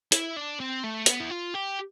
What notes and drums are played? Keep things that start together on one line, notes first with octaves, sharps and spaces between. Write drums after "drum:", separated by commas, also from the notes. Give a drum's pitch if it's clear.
E4, drum: hi-hat
D4
C4
A3
B3, drum: hi-hat
E4
F4
G4